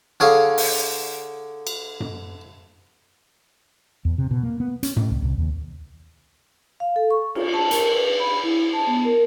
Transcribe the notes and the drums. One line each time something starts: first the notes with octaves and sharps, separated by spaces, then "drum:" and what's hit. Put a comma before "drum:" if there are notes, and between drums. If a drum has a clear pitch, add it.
D3 G#4 C#5 F5
drum: open hi-hat
drum: cymbal
drum: tom F#2
E2
C3
B2
A#3
B3
C#4, drum: hi-hat
A2, drum: tom F#2
C2
C2
D#2
F5
A4
C#6
F4, drum: cymbal
A5
A#4, drum: hi-hat
B4
B5
E4
A5
B3
A#4